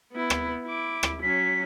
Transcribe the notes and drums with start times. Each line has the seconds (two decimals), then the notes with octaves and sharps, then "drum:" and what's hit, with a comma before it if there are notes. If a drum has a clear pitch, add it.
0.12 B3 E4
0.30 drum: rim click
0.65 E4 D6
1.03 drum: rim click
1.22 F#3 C#4 B6